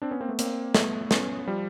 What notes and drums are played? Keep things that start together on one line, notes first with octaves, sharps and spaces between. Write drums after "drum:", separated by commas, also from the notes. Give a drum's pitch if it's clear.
C4 D4
B3 C#4
A#3 C4
A3 B3
A#3 C4, drum: hi-hat
A3 B3, drum: snare
B3 C#4, drum: snare
F3 G3